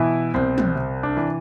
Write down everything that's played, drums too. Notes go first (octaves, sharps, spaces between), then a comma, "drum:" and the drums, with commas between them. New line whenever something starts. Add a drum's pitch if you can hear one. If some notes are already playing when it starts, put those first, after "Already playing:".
Already playing: B2 E3 E4
C2 C4
drum: tom
C3
D4
E3